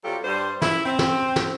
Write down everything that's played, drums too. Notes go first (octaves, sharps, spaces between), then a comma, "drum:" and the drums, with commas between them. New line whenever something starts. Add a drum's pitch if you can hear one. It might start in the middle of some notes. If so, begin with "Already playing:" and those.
C3 F#3 G3 F4 G4 A4
G2 G3 C5
E4, drum: snare
C4
drum: snare
drum: snare